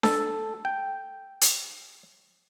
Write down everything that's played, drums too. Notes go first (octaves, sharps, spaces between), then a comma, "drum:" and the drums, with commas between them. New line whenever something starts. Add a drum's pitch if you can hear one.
A4, drum: snare D4
G5
drum: hi-hat